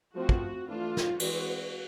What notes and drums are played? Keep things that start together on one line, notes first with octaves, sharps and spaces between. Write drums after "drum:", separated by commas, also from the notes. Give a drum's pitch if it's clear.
F3 A3 C4 F#4
drum: kick
E3 A3 D4 F4
drum: snare
E3 G#3 C4 F#4, drum: cymbal